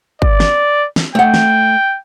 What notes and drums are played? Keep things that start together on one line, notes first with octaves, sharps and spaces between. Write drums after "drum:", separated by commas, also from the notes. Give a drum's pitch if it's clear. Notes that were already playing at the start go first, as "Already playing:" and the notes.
D5, drum: kick G1
drum: snare
drum: snare
A3 F#5 G5
drum: snare